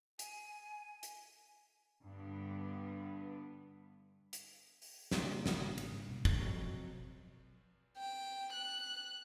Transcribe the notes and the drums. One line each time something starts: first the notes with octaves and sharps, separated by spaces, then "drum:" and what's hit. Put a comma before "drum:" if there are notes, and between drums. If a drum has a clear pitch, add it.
G#5, drum: hi-hat
drum: hi-hat
G2 D3 B3
drum: hi-hat
drum: open hi-hat
G2 A#2 C#3, drum: snare
G#1 B3, drum: snare
drum: cymbal
B2
drum: kick
F2 F#3
G5
F#6